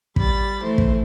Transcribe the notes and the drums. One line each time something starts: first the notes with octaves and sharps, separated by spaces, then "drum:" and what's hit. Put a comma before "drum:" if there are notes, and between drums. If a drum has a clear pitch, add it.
G3 B5 A6, drum: kick
E3 A3 E4 C5
drum: kick